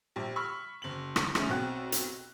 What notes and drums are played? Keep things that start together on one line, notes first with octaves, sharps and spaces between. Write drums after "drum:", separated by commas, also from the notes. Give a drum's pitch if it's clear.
A#1 G3
B5 C#6 E6 F6
F#1 F#7
drum: rim click
G#3 A3 C#4, drum: rim click
B1 C4 F#5 F#6
drum: hi-hat